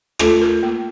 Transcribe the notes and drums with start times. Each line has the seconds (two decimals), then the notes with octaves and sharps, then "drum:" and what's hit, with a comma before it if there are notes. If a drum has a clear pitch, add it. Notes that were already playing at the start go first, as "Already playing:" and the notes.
0.19 A3 F4, drum: rim click
0.41 A#4
0.63 A#3